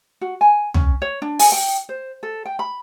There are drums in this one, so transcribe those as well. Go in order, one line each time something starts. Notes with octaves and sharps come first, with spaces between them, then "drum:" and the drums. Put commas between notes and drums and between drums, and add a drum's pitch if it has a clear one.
F#4
G#5
C#4, drum: tom
C#5
D4
G#5, drum: open hi-hat
G5
C5
A4
G5
B5